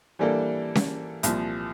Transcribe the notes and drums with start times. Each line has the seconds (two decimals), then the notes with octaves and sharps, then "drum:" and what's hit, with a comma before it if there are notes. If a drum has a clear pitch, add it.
0.19 E3 G3 A#3 D4 A4
0.75 drum: snare C#4
1.23 C2 A#2 F3, drum: hi-hat